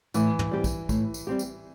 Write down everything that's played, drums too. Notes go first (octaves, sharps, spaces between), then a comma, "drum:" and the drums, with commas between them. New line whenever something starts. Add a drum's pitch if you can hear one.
A2 E3, drum: tambourine
drum: tom
G3 C4 G4
drum: kick, tambourine
A2, drum: kick, tambourine
drum: tambourine
G3 C4 G4
drum: tambourine